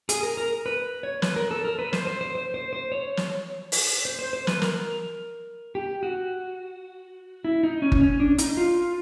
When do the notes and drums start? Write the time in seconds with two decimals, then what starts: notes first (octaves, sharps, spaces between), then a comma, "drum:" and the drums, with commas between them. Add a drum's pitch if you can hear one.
0.09 G#4, drum: hi-hat
0.23 A#4
0.37 A#4
0.66 B4
1.03 C#5
1.22 B4, drum: snare
1.36 A#4
1.51 A4
1.65 A#4
1.79 B4
1.93 C5, drum: snare
2.07 C5
2.21 C5
2.35 C5
2.54 C5
2.73 C5
2.92 C#5
3.17 drum: snare
3.72 drum: open hi-hat
4.05 C5
4.19 C5
4.33 C5
4.47 B4, drum: snare
4.62 A#4, drum: snare
5.75 G4
6.03 F#4
7.45 E4
7.63 D#4
7.82 C#4
7.92 drum: kick G1
8.01 C#4
8.20 D4
8.38 D#4, drum: hi-hat
8.57 F4